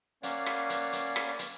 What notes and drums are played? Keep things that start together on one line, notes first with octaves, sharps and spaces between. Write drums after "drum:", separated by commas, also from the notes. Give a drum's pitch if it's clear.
A#3 C#4 C#5 D5 F5 F#5, drum: hi-hat
drum: rim click
drum: hi-hat
drum: hi-hat
drum: rim click
drum: hi-hat